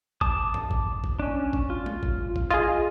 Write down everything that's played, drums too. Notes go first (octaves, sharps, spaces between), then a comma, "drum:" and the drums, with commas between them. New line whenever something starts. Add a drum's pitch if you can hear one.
A5 D6 D#6, drum: kick G#1
drum: tom
drum: kick G#1
drum: kick G#1
C#4 D4
drum: kick G#1
F4
drum: tom G#3
drum: kick G#1
drum: kick G#1
F4 G#4 D#5